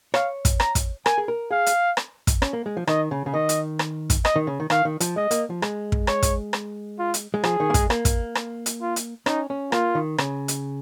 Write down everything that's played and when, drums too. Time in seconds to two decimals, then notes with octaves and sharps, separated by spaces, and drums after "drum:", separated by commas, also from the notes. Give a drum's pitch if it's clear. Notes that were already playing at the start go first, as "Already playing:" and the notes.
0.14 C#5 F5, drum: rim click
0.45 drum: kick, hi-hat
0.60 A#5, drum: rim click
0.75 drum: kick, hi-hat
1.06 A#4 G#5, drum: rim click
1.18 G#4
1.28 A#4
1.51 G#4 F5
1.66 drum: hi-hat
1.97 drum: rim click
2.27 drum: kick, hi-hat
2.42 C#4, drum: rim click
2.53 A#3
2.66 G#3
2.77 F3
2.87 D#3 D#5, drum: rim click
3.11 C#3
3.26 C#3
3.34 D#3 D#5
3.49 drum: hi-hat
3.79 drum: rim click
4.10 drum: kick, hi-hat
4.25 D#5, drum: rim click
4.36 D#3
4.47 C#3
4.60 D#3
4.70 D#3 F5, drum: rim click
4.85 D#3
5.00 F3, drum: hi-hat
5.16 G#3 D#5
5.31 A#3, drum: hi-hat
5.50 F3
5.62 G#3, drum: rim click
5.92 drum: kick
6.07 C#5, drum: rim click
6.23 drum: kick, hi-hat
6.53 drum: rim click
6.99 F4
7.14 drum: hi-hat
7.34 G#3
7.44 F3 G#4, drum: rim click
7.60 D#3
7.70 A#3
7.74 G#3, drum: kick, hi-hat
7.90 A#3, drum: rim click
8.05 drum: kick, hi-hat
8.35 drum: rim click
8.66 drum: hi-hat
8.81 F4
8.96 drum: hi-hat
9.26 C#4 D#4, drum: rim click
9.50 C#4
9.72 A#3 F4, drum: rim click
9.95 D#3
10.18 C#3, drum: rim click
10.48 drum: hi-hat